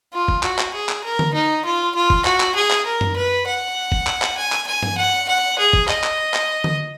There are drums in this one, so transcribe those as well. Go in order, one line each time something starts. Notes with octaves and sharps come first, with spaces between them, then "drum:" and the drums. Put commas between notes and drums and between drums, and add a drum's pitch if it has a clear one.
F4
drum: kick
F#4, drum: clap
drum: clap
G#4
drum: clap
A#4
drum: tom D3
D#4
F4
F4
drum: kick
F#4, drum: clap
drum: clap
G#4
drum: clap
A#4
drum: tom F#2
B4
F#5
drum: kick
drum: clap
drum: clap
G#5
drum: clap
G#5
drum: tom
F#5
F#5
G#4
drum: kick
D#5, drum: clap
drum: clap
drum: clap
drum: tom D3